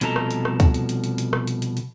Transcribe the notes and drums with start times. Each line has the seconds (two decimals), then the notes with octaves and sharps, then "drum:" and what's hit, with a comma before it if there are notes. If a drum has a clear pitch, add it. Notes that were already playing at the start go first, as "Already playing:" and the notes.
0.01 C2 B2 F3 A4 D#5 A#5, drum: hi-hat
0.16 drum: rim click
0.31 drum: hi-hat
0.45 drum: rim click
0.60 drum: kick, hi-hat
0.74 drum: hi-hat
0.89 drum: hi-hat
1.04 drum: hi-hat
1.18 drum: hi-hat
1.33 drum: rim click
1.47 drum: hi-hat
1.62 drum: hi-hat
1.77 drum: hi-hat